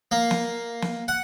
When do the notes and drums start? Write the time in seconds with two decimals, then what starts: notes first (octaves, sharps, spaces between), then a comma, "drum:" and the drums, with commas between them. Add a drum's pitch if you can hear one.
0.11 A#3
0.31 drum: snare
0.82 drum: snare
1.08 F#5